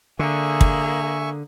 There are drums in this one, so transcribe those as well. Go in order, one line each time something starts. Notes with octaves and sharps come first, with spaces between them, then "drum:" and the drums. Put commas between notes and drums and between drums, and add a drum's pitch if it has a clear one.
D3 A#3 G#4 E5 G#5 C#6
drum: kick